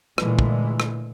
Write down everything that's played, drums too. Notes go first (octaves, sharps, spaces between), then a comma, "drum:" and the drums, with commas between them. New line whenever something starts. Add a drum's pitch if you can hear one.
A#2 D3 E3 G#3 A3, drum: rim click
drum: kick
drum: rim click